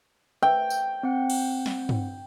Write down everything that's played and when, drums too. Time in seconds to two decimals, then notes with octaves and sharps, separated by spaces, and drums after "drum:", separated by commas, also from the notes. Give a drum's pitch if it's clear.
0.42 G5
0.70 drum: tambourine
1.03 C4 F#5
1.30 drum: cymbal
1.66 drum: snare
1.89 drum: tom G2